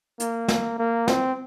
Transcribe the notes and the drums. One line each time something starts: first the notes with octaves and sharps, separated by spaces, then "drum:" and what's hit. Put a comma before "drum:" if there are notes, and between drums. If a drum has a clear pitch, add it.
A#3, drum: hi-hat
drum: snare
A#3
C4, drum: snare